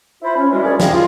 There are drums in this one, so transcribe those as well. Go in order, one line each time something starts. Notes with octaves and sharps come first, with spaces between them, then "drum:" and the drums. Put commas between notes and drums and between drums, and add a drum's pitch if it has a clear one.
E4 F4 C5 B5
C#4
E3 G3 G#3 F#4
D2 A#3 C#4 G#4 C#5 D5
G4 G#4 D#5 F5, drum: snare
F4